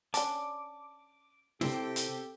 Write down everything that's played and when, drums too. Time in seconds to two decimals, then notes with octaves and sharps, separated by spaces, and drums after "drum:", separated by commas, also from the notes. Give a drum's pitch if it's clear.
0.14 C#4 D4 A5 D6, drum: hi-hat
1.61 C3 C4 E4 G4 A4, drum: snare
1.96 drum: hi-hat